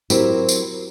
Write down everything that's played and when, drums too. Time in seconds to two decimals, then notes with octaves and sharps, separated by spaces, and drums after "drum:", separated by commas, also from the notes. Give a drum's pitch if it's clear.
0.10 F#3 C4 E4 G4 A#4, drum: tambourine
0.49 drum: tambourine